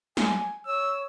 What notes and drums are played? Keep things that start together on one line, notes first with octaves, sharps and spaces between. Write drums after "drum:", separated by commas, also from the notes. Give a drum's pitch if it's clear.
G#5, drum: snare
C#5 E6